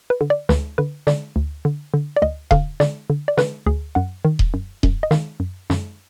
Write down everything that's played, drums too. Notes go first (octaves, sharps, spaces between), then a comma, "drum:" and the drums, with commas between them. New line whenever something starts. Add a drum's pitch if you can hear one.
B4
D3
D5
D2 B4, drum: snare
D3 B4
D3 D5, drum: snare
D2
D3
D3
D5
D2 D#5
D3 F5, drum: kick D#1
D3 D5, drum: snare
D3
D5
D3 B4, drum: snare
D2 G#4
F#2 F#5
D#3
drum: kick D#1
F#2
F#2, drum: kick D#1
D#5
D#3 F5, drum: snare
F#2
F#2, drum: snare